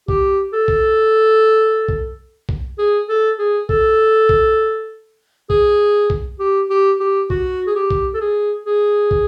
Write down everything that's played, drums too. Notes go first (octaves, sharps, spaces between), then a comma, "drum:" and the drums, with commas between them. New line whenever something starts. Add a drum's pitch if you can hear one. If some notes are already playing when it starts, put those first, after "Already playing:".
G4, drum: kick
A4
drum: kick
drum: kick
drum: kick
G#4
A4
G#4
A4, drum: kick
drum: kick
G#4, drum: kick
drum: kick
G4
G4
G4
F#4, drum: kick
G#4
G4
drum: kick
A4
G#4
G#4
drum: kick